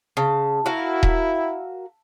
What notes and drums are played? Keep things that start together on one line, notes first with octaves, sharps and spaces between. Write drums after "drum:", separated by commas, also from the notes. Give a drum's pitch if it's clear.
C#3 A5
E4 F#4 A#4 F5
E5, drum: kick D#1